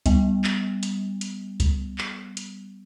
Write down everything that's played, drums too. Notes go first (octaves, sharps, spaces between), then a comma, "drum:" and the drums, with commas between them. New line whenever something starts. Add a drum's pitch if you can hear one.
G3 B3, drum: kick C#2, hi-hat
drum: clap
drum: hi-hat
drum: hi-hat
drum: kick C#2, hi-hat
drum: clap
drum: hi-hat